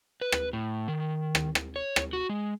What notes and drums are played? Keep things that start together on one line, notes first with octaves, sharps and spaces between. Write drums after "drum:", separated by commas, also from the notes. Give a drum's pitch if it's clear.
B4
drum: rim click
A2
D#3
drum: rim click
drum: rim click
C#5
drum: rim click
F#4
G#3